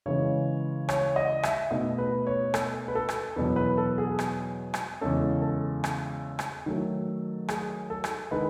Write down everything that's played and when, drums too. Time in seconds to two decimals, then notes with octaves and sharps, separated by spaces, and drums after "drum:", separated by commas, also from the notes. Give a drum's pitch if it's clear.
0.06 C#3 E3 G#3 C#5
0.89 C#5, drum: rim click
1.16 D#5
1.43 E5, drum: rim click
1.71 B2 A3 D#4 D#5
1.98 B4
2.27 C#5
2.54 A4, drum: rim click
2.88 B4
2.95 A4
3.09 drum: rim click
3.36 E2 B2 F#3 B4
3.56 B4
3.78 A4
3.98 G#4
4.19 drum: rim click
4.74 drum: rim click
5.01 E2 C#3 G#3 C#4 A4
5.42 A4
5.84 drum: rim click
6.39 drum: rim click
6.66 D#3 F#3 A3
7.48 G#4, drum: rim click
7.90 A4
8.04 drum: rim click
8.31 D#3 G#3 D#4 B4